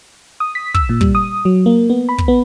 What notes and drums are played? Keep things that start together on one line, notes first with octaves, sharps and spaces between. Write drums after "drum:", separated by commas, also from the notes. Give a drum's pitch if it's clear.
D#6
B6
E6, drum: kick
A#2
G3, drum: kick
D#6
F#3
A#3
B3
B5
drum: kick
B3